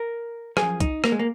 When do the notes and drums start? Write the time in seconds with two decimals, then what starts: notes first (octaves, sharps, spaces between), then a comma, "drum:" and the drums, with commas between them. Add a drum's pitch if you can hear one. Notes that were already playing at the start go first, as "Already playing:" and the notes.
Already playing: A#4
0.57 F#2 F3 G#4, drum: rim click
0.80 D#4, drum: kick C2, hi-hat
1.04 A#3, drum: rim click
1.12 G#3
1.19 A#3